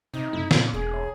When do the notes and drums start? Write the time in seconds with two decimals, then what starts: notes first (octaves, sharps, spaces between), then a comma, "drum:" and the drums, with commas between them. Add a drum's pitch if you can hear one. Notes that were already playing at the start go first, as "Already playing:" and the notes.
0.14 C3 D#4
0.33 F#2 C3 A3 E4
0.51 A#2 A#3 C#4, drum: snare
0.74 E1 G#4
0.93 C#5 E5